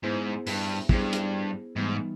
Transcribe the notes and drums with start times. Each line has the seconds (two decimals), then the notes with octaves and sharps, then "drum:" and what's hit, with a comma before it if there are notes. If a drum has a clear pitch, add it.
0.03 G#2 B3 E4 G#4 C5
0.47 G2, drum: open hi-hat
0.89 G2 B3 E4 G#4 C5, drum: kick
1.13 drum: hi-hat
1.76 G#2 E3 G3 B3 D#4